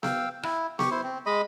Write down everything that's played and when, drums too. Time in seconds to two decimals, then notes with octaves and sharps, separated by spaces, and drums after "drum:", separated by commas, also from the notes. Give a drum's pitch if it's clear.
0.03 F5 G5 E6, drum: snare B3
0.43 E4, drum: rim click
0.79 G4 C#6, drum: snare B3
0.91 E4 C5
1.03 C4
1.26 G#3 D#5 B5